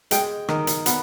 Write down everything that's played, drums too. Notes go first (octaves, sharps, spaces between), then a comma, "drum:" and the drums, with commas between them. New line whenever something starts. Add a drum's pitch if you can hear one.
G#3 G5, drum: hi-hat
D#3, drum: rim click
drum: hi-hat
B3, drum: hi-hat